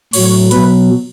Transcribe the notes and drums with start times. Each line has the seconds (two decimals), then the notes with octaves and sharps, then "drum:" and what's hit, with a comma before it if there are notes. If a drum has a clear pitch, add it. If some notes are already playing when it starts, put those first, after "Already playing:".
0.13 A2 F#3 C#5, drum: cymbal
0.51 B2 F#3 B4, drum: hi-hat